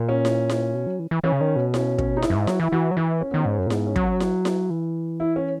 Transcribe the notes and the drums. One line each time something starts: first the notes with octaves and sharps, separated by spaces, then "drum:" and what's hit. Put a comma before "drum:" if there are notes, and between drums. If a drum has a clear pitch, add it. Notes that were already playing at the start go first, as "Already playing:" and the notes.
Already playing: A#2
C#4
drum: snare E4
drum: snare E4
B2
F#3
E3
E3
E3 C#4
C#3
D#3
B2
C#4, drum: snare E4
C#4, drum: kick
D#4
E4, drum: snare E4
F#2
G#2
F#3, drum: snare E4
E3 E4
E3 F#4
F#3
E3 E4
C#4
D#3 B3
C#4
G#2
F#2
A#2
G#2 B3, drum: snare E4
C#4
F#3, drum: kick
C#4
drum: snare E4
drum: snare E4
E3
E4
C#4